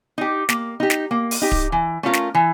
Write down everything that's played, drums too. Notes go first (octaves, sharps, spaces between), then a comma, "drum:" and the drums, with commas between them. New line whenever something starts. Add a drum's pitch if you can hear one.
D#4 G4
A#3, drum: snare
D#4 G4
drum: snare
A#3
drum: open hi-hat
D#4 G4
drum: kick D1
E3
A3 C#4 F4 A#4
drum: snare
E3